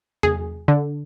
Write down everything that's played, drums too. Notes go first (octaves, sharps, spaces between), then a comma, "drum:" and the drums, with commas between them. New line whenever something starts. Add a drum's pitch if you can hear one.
G#4, drum: tom E2
D3